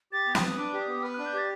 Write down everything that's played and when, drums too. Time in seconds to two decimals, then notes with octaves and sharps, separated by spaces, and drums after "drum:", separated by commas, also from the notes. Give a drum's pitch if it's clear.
0.12 G4 A6
0.27 B3
0.35 D#6, drum: snare
0.42 B4
0.58 D4 D6
0.73 G4
0.80 D#6
0.88 B3
1.03 B4 F6
1.14 D4 F#6
1.26 G6
1.33 G4 A6